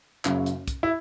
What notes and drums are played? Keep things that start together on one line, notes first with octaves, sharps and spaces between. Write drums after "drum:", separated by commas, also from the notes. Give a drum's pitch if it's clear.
F#1 F#2 C#3 F#3, drum: clap
drum: hi-hat
drum: kick, hi-hat
E4